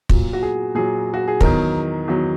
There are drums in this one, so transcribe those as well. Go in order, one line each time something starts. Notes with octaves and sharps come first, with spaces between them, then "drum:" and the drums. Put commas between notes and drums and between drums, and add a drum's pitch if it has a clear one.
A#2 F#3, drum: kick
F#4
G#4
A#2 F#3 G#4
F#4
G#4
E2 D#3 F#3 A#4, drum: kick
E2 D#3 F#3